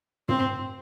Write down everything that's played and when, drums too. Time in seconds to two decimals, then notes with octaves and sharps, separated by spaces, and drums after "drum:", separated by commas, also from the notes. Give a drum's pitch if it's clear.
0.29 C4, drum: tom